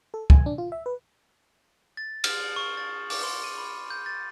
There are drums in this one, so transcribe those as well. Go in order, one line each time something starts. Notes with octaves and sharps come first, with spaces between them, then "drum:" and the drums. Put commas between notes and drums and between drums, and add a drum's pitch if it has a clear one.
A4
G#5, drum: kick
D4
F4
E5
B4
A6
F6, drum: cymbal
C#6
A6
D6, drum: open hi-hat
C6
D#7
B5
G6
A6